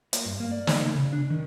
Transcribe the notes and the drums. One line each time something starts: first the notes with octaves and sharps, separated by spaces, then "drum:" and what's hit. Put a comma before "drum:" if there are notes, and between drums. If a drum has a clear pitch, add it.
A#3, drum: hi-hat
G2
A#3
D5
A#3, drum: snare
C#3
C#3
D4
D#3